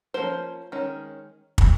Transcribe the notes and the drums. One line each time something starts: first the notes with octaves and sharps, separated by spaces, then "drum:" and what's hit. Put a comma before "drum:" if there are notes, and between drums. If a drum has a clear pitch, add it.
F3 A#3 C#4 C5
D#3 G#3 C#4
drum: kick